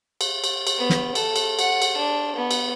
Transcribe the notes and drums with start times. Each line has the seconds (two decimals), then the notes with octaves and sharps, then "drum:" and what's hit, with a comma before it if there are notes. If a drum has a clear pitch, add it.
0.21 drum: cymbal
0.44 drum: cymbal
0.67 drum: cymbal
0.78 B3
0.90 drum: snare
1.15 A4, drum: cymbal
1.36 drum: cymbal
1.59 F#5, drum: cymbal
1.82 drum: cymbal
1.97 D4
2.35 B3
2.51 drum: cymbal